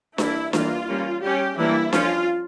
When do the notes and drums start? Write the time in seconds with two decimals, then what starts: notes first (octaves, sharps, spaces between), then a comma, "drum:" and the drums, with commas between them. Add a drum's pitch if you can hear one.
0.18 E3 G3 A#3 D4 E4, drum: snare D4
0.53 E3 G3 A#3 F4, drum: snare D4
0.88 G3 A#3 C#4
1.23 G3 C#4 G4
1.58 E3 G3 A#3 D4 E4
1.93 F3 C#4 F4, drum: snare D4